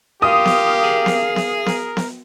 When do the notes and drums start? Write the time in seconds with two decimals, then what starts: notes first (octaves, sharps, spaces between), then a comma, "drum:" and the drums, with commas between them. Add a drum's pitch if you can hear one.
0.22 F4 G4 A#4 F5 D#6
0.46 drum: snare B3
0.84 G#4
1.06 drum: snare B3
1.36 drum: snare B3
1.66 A#4, drum: snare B3
1.97 drum: snare B3